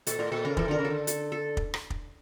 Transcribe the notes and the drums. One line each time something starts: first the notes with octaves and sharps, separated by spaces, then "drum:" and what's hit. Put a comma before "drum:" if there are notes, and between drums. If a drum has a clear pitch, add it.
A#2 A4, drum: hi-hat
A2 A#4
A#2 A4
C#3 A#4
E3 A4, drum: kick
D3 A#4
C#3
A4
D3
A4, drum: hi-hat
A4
drum: kick
drum: rim click
drum: kick